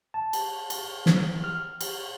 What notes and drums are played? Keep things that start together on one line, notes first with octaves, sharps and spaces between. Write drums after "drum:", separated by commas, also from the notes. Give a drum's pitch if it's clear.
A5
drum: cymbal
drum: cymbal
E3, drum: snare
F6
drum: cymbal